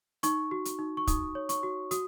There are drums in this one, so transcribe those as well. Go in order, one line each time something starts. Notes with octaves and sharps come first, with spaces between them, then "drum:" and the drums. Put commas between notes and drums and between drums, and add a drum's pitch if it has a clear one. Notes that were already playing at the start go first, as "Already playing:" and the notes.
D#4 C#6, drum: hi-hat
F#4
drum: hi-hat
D#4
C#6
D#4 D#6, drum: kick, hi-hat
C#5
C#6, drum: hi-hat
F#4
F#4 D#6, drum: hi-hat